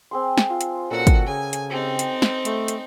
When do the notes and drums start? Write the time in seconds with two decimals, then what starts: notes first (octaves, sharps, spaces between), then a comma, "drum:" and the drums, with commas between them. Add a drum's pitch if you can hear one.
0.11 C4 G#4 C6
0.38 drum: snare
0.50 F4
0.61 drum: hi-hat
0.91 A#2 C#4 F#4 A4 A#4 F#5
1.07 drum: kick, hi-hat
1.27 C#3 G#5
1.53 drum: hi-hat
1.70 C4 D#4 G4 A5 E6
1.99 drum: hi-hat
2.22 drum: snare
2.45 A3, drum: hi-hat
2.68 drum: hi-hat